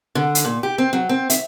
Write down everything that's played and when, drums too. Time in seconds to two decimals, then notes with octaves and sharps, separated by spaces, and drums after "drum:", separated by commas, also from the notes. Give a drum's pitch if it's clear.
0.15 D3
0.35 drum: hi-hat
0.45 A#2
0.63 G4
0.78 C4
0.93 F#3
1.09 C4
1.30 E5, drum: hi-hat